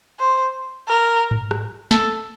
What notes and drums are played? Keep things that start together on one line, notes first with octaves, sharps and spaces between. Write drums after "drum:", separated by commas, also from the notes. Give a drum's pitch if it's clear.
C5
A#4
drum: tom G#2
drum: rim click
A4, drum: snare